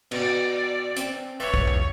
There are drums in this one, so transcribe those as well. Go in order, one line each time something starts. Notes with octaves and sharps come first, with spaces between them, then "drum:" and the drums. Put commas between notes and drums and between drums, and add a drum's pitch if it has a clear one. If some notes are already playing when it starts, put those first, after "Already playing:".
B2 D5, drum: cymbal
C4, drum: hi-hat
B4 C#5 D5 E5
drum: kick
drum: tom E2